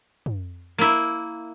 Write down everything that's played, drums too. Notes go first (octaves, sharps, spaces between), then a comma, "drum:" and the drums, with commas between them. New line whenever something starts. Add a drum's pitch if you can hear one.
drum: tom
A#3 E4